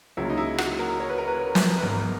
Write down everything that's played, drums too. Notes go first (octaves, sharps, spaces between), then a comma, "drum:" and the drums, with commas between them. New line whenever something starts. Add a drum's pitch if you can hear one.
C#2 C#3 F#3 A#3 E4
D#4
E4
F#4, drum: rim click
A#4
C#5
B4
A#4
B4
A#4
drum: snare
B4
G#1 G#2 E3 B3 A#4